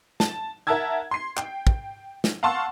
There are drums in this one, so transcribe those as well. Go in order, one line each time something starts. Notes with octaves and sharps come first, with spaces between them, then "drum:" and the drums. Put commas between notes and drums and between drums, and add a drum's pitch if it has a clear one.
A5, drum: snare
A#4 E5 F#5 A5 E6 G#6
C6 C7
G5, drum: clap
drum: kick
drum: snare
F5 F#5 A5 C6 C#6 E6